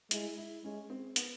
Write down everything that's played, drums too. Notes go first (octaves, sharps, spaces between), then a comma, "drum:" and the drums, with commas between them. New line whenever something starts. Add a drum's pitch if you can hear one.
G#3 E4, drum: hi-hat
E4
G#3 C#4
C4
B3, drum: hi-hat